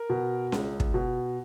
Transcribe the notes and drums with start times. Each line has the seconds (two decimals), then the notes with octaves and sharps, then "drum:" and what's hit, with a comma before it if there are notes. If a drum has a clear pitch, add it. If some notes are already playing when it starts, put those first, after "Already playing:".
Already playing: A#4
0.10 B2
0.52 C#2, drum: snare C#4
0.80 drum: kick
0.94 B2